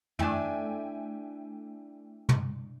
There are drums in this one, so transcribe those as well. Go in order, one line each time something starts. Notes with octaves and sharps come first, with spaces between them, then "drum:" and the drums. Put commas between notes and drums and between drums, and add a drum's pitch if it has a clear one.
A3 D4 E4 E5 G5 G#5, drum: tom
drum: tom